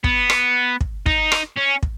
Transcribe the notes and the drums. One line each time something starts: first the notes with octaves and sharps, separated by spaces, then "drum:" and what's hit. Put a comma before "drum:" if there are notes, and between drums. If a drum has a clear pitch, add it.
B3, drum: kick
drum: rim click
drum: kick
D#4, drum: kick
drum: rim click
C#4
drum: kick